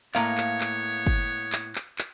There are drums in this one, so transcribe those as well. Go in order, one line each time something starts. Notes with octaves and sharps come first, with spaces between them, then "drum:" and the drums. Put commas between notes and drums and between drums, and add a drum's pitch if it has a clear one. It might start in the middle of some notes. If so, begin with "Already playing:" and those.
A2 A#3 B3 C#5 F5, drum: clap
drum: clap
drum: clap
drum: kick
drum: clap
drum: clap
drum: clap